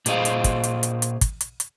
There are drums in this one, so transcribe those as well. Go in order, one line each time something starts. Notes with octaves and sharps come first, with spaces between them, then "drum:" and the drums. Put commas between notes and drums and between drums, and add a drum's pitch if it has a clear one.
A#2 G#4 C5 D#5 F5, drum: hi-hat
drum: hi-hat
drum: kick, hi-hat
drum: hi-hat
drum: hi-hat
drum: hi-hat
drum: kick, hi-hat
drum: hi-hat
drum: hi-hat